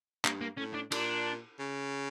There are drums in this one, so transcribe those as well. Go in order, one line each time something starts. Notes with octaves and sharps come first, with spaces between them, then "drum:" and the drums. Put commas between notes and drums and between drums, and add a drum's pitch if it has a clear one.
G2 A#3, drum: clap
A#3
A2 C#4
D4
A#2 D4, drum: cymbal
C#3